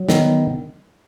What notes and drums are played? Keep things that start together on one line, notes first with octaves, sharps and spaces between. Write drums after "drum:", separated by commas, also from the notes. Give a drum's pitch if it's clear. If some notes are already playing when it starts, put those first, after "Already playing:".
Already playing: F#3
D#3 B3, drum: snare